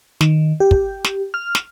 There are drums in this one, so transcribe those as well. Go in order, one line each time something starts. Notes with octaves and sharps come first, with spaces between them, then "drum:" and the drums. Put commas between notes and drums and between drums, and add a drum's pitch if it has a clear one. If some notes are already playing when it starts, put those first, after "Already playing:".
D#3, drum: snare
G4
drum: kick
drum: snare
F6
drum: snare